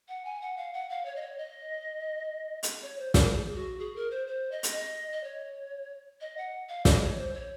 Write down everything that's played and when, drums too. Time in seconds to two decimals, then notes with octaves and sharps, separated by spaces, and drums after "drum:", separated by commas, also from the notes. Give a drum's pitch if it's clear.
0.08 F#5
0.25 G#5
0.41 F#5
0.57 F5
0.73 F#5
0.90 F5
1.05 C#5
1.16 D#5
1.22 C#5
1.38 D#5
2.63 drum: hi-hat
2.82 C#5
2.98 C5
3.14 A#4, drum: snare
3.31 G#4
3.54 F#4
3.79 G#4
3.96 A#4
4.11 C5
4.27 C5
4.52 D#5
4.63 drum: hi-hat
4.76 D#5
5.12 D#5
5.24 C#5
6.21 D#5
6.37 F#5
6.69 F5
6.85 D#5, drum: snare
7.01 C#5
7.18 C5
7.34 C#5